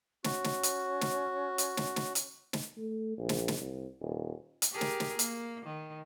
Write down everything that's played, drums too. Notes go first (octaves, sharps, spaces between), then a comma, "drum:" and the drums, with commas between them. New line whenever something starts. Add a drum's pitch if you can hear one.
C#4 F#4, drum: snare
drum: snare
drum: hi-hat
drum: snare
drum: hi-hat
drum: snare
drum: snare
drum: hi-hat
drum: snare
A3
A#1
drum: snare
drum: snare
C2
D#1
drum: hi-hat
G4 G#4 A#4
drum: snare
drum: snare
A#3, drum: hi-hat
D#3